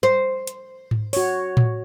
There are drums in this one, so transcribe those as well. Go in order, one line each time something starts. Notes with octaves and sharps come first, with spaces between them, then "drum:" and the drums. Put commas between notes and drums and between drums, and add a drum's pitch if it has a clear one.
C5
drum: hi-hat
drum: tom G#2
F#4 C#5, drum: open hi-hat
drum: tom A2